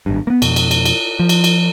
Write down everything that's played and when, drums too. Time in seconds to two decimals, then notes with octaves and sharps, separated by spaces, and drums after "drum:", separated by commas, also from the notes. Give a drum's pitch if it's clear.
0.06 G#1 G2
0.27 A#3 B3
0.42 F2 B2, drum: cymbal
0.56 drum: cymbal
0.71 drum: cymbal
0.86 drum: cymbal
1.19 F3
1.29 drum: cymbal
1.44 drum: cymbal